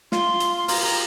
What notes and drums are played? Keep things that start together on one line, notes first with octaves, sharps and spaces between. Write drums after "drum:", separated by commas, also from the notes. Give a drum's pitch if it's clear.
F4 C6, drum: snare
drum: hi-hat
C6
F4 A#5, drum: open hi-hat
G4 A#5